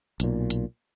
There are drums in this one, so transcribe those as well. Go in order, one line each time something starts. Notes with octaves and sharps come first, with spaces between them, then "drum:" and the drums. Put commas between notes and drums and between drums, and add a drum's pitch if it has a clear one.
B1 A#2, drum: hi-hat
drum: hi-hat